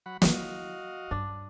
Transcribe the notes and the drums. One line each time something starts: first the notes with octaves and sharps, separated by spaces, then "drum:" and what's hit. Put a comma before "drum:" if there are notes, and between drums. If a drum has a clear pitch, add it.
F#3 F#5 B5
F#3 E4 F#4 D#5 F5, drum: snare
G2 D4